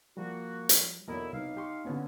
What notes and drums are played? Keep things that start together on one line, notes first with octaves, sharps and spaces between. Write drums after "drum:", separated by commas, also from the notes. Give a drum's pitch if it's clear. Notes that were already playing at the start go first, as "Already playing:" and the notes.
F3 G3 A#3 F#4
drum: hi-hat
B1 E2 D3 F#3 E4 A#4 D#5
C2 D#4 B4 F5
G4 C6 C#6
D3 B3 C#4